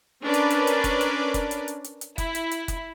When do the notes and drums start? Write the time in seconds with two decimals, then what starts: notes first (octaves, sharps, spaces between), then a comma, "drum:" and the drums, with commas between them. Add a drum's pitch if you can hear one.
0.24 C#4 D4 A#4 B4 D5
0.34 drum: hi-hat
0.50 drum: hi-hat
0.67 drum: hi-hat
0.84 drum: kick F#1, hi-hat
1.01 drum: hi-hat
1.34 drum: kick F#1, hi-hat
1.51 drum: hi-hat
1.68 drum: hi-hat
1.84 drum: hi-hat
2.01 drum: hi-hat
2.18 E4, drum: kick F#1, hi-hat
2.35 drum: hi-hat
2.51 drum: hi-hat
2.68 drum: kick F#1, hi-hat